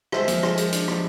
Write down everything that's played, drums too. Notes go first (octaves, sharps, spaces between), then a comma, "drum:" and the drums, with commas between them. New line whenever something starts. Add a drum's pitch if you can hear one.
G#3 C5 E5, drum: rim click
F3, drum: hi-hat
G#3, drum: rim click
G#3, drum: hi-hat
D4, drum: hi-hat
F3, drum: rim click